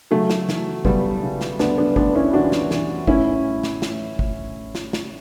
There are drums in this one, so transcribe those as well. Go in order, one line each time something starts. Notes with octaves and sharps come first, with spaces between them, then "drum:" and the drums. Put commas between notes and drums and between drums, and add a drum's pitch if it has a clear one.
C#3 F#3 A3
drum: snare
E3, drum: snare
C#3 G3 B3, drum: kick
C#3
drum: snare
D2 B3 D4, drum: snare
B3 D4
D2 B3 D4, drum: kick
C#4 E4
E3 D4 F#4
drum: snare
E3, drum: snare
A2 C#4 E4, drum: kick
drum: snare
drum: snare
drum: kick
drum: snare
drum: snare